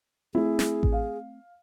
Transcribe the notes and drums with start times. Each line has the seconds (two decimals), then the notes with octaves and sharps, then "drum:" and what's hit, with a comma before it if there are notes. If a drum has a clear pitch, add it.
0.35 A3 C4 E4 G#4
0.59 drum: snare
0.83 drum: kick A1
0.92 F5